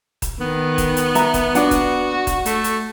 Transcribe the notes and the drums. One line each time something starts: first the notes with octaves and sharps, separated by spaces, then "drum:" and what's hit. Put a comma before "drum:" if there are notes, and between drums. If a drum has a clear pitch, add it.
drum: kick D#1, hi-hat
D#3 B3
drum: kick D#1, hi-hat
drum: hi-hat
E5 A#5, drum: hi-hat
drum: kick D#1, hi-hat
D4 F#4 F#5, drum: hi-hat
drum: kick D#1, hi-hat
drum: kick D#1, hi-hat
A3, drum: hi-hat
drum: hi-hat